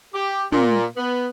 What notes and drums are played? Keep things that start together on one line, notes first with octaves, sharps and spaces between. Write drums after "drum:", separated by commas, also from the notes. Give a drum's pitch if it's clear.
G4
A#2, drum: tom
B3